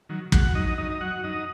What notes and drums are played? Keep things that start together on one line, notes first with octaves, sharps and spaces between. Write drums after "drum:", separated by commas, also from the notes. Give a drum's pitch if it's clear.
D#3 F#3
G#2 F#4 F#5, drum: kick
F#3 D#4 D#5
F#2 D#4 D#5
D#5
F#3 F#4 F#5
F#2 D#4 D#5